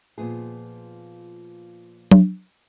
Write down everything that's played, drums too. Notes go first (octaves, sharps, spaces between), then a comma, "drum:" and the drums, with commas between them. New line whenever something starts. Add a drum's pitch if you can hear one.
A#2 F3 B3 G#4
drum: tom F#3